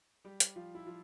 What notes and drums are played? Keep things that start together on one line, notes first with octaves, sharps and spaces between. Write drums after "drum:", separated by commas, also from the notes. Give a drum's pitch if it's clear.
G3 G4
drum: hi-hat
F3 F4
E4
F3 F4